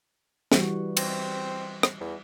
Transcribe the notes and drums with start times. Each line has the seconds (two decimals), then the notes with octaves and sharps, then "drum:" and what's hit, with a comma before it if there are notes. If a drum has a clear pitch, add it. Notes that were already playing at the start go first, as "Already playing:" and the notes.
0.52 E3 G3 F#4, drum: snare
0.97 C4, drum: cymbal
1.83 drum: rim click
2.00 E2